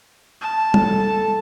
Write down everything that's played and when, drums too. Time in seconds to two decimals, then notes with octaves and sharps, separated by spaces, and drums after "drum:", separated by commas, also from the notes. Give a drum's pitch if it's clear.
0.41 A5
0.74 A4, drum: tom